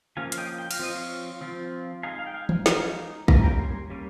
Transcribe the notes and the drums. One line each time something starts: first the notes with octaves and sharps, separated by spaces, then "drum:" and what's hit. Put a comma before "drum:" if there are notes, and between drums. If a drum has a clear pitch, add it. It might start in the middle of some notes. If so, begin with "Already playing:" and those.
F3 A#3 C#4 F4 F5 G#5
F5, drum: hi-hat
D#5 G5
G5
F5, drum: cymbal
F3 C4 F4 D#5
C#5 F5
F3 C4 F4
G#3 D#4 F5 G#5
F5
G5
F5 G#5
drum: tom
G#3 D#4 F5 G#5, drum: snare
G3 A#3 C#4 A#5, drum: kick
G#5
G5 A#5
G#5 C6
G3 A#3 C#4